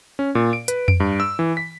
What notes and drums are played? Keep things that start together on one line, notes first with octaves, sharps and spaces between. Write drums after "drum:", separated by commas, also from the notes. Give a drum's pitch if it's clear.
C#4
A#2
D7
B4, drum: hi-hat
D7, drum: tom F2
G2
E6
E3
B6